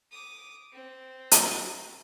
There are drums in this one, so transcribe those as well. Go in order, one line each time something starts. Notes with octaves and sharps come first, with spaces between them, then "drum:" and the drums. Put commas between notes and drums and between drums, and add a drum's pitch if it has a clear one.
D6 D#6
C4
drum: hi-hat